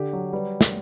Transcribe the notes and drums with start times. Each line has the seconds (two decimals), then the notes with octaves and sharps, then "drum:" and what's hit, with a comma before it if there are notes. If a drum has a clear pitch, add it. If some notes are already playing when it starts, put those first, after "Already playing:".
Already playing: D3 G4
0.13 F#3
0.33 G3 B4
0.61 drum: snare